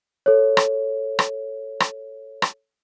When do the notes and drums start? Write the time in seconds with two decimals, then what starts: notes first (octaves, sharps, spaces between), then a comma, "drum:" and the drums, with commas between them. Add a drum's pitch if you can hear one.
0.26 A4 C#5
0.57 drum: rim click
1.19 drum: rim click
1.80 drum: rim click
2.42 drum: rim click